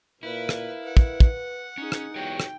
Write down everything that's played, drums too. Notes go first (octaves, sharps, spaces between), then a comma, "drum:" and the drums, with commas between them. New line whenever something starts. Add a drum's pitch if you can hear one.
A#2 E4 A#4 B4 F5
drum: rim click
B4 F#5
drum: kick
drum: kick
C#4 D#4 G#4
drum: rim click
E2 F#4 G4 C#5 G5
drum: rim click